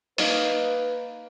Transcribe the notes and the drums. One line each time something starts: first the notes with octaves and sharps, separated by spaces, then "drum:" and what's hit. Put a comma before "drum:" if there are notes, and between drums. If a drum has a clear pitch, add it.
A#3 D#4 B4, drum: open hi-hat